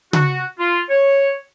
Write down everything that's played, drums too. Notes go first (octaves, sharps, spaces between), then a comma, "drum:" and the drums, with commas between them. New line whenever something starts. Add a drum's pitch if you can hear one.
F#4, drum: tom C#3
F4
C#5